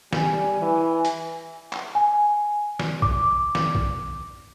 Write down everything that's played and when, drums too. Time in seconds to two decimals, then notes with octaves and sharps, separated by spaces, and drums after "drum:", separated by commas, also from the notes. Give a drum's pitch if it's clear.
0.13 G3 G#5, drum: snare
0.62 E3
1.05 drum: hi-hat
1.73 drum: clap
1.95 G#5
2.79 drum: snare
3.02 D6, drum: kick
3.55 drum: snare
3.75 drum: kick